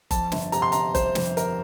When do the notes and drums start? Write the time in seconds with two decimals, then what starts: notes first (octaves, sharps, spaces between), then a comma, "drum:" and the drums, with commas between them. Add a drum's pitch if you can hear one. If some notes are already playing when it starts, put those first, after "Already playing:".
0.11 F2 A5, drum: kick F#1, hi-hat
0.32 G1, drum: snare
0.52 C3 A#5, drum: hi-hat
0.62 C6
0.72 G1 A#5, drum: hi-hat
0.95 G3 C5, drum: kick F#1, hi-hat
1.15 F2, drum: snare
1.37 G1 A#4, drum: hi-hat